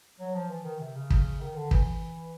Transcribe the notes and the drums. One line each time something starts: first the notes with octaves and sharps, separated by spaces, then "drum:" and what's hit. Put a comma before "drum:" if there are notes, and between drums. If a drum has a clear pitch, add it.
F#3
F3
E3
D#3
C3
C#3
drum: kick
D#3
D3
E3, drum: kick